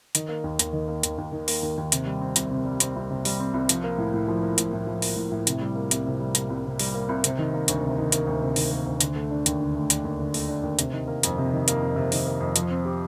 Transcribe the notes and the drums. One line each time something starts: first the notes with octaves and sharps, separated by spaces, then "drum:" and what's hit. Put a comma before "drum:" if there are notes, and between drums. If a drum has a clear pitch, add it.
D#3, drum: hi-hat
A#3
D#2
D#2, drum: hi-hat
D#3
A#3
D#2, drum: hi-hat
D#2
D#3
A#3, drum: open hi-hat
D#2
D#2
C3, drum: hi-hat
G3
C4
C2, drum: hi-hat
C3
G3
C4, drum: hi-hat
C2
C3
G3, drum: open hi-hat
C4
C2
F3, drum: hi-hat
A#3
A2
A2
F3
A#3
A2, drum: hi-hat
A2
F3
A#3, drum: open hi-hat
A2
A2
C3, drum: hi-hat
G3
A#3
C2, drum: hi-hat
C3
G3
A#3, drum: hi-hat
C2
C3
G3, drum: open hi-hat
A#3
C2
C3, drum: hi-hat
D#3
A#3
D2, drum: hi-hat
C3
D#3
A#3, drum: hi-hat
D2
C3
D#3, drum: open hi-hat
A#3
D2
D3, drum: hi-hat
A3
D4
D#2, drum: hi-hat
D3
A3
D4, drum: hi-hat
D#2
D3
A3, drum: open hi-hat
D4
D#2
C3, drum: hi-hat
D#3
A#3
F2, drum: hi-hat
C3
D#3
A#3, drum: hi-hat
F2
C3
D#3, drum: open hi-hat
A#3
F2
F3, drum: hi-hat
C4
G4